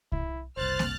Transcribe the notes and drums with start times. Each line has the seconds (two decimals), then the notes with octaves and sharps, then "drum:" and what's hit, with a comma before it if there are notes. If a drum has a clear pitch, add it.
0.12 E4, drum: kick C2
0.57 F#1 C2 C5 F6 F#6 A6
0.79 drum: snare